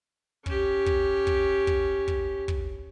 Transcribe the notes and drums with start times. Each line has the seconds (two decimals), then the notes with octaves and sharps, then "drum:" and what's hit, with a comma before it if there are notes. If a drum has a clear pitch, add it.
0.46 C#4 G4, drum: kick
0.86 drum: kick
1.27 drum: kick
1.67 drum: kick
2.08 drum: kick
2.48 drum: kick